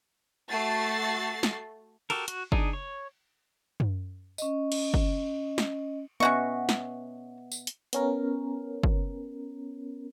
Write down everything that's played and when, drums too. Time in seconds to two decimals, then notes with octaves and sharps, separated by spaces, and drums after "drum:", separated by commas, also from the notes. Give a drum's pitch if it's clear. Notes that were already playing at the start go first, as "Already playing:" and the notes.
0.50 A3 F#4 A6 C7
1.43 drum: snare
2.10 F#4 G4 A4 A#4, drum: cymbal
2.28 F#4, drum: hi-hat
2.52 D4 D#4 G#4, drum: kick
2.73 C#5
3.80 drum: tom F#2
4.38 C#4 D#5, drum: tambourine
4.72 drum: cymbal
4.94 drum: kick
5.58 drum: snare
6.20 B3 C#4 F#4 D#5 E5 C#6
6.69 drum: snare
7.52 drum: tambourine
7.67 drum: hi-hat
7.93 B3 C#4 A#4, drum: hi-hat
8.83 drum: kick